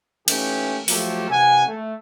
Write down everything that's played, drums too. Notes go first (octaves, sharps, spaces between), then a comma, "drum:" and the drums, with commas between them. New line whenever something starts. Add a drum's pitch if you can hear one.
E3 A3 A#3 C#4 D#4 G4, drum: cymbal
F3 F#3 A3 A#3 G4 A4, drum: open hi-hat
C3 E3 F#5 G#5
A3